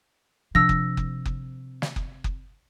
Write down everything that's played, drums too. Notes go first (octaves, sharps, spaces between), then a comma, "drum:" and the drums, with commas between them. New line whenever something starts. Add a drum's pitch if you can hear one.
C3 F3 D4 E6 A#6
drum: kick F#1
drum: kick F#1
drum: kick F#1
drum: snare
drum: kick F#1
drum: kick F#1